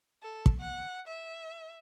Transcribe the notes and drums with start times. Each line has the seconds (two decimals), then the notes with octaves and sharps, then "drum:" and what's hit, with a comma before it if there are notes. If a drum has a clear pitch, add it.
0.22 A4
0.46 drum: kick
0.60 F#5
1.07 E5